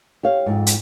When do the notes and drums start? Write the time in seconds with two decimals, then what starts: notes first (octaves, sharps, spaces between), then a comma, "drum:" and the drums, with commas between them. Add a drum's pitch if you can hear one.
0.23 G4 C#5 F5
0.46 F2 G#2
0.67 drum: hi-hat